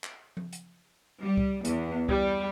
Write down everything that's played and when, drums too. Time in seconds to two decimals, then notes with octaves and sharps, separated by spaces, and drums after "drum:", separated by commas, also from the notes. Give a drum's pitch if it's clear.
0.04 drum: clap
0.37 drum: tom F3
0.53 drum: hi-hat
1.21 G3
1.37 drum: kick C2
1.65 E2, drum: hi-hat
2.09 G3, drum: kick C2